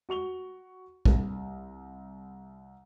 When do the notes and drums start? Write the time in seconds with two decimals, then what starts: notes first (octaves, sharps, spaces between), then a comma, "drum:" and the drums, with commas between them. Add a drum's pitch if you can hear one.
0.09 F#4 C#6 F7 G7
1.05 C2, drum: kick